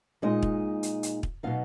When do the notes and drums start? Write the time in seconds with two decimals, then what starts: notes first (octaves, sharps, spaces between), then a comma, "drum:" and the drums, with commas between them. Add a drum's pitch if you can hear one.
0.22 A#2 G#3 D#4 D#5
0.43 drum: kick
0.83 drum: hi-hat
1.03 drum: hi-hat
1.23 drum: kick
1.43 B2 F#3 B3 D#4 F5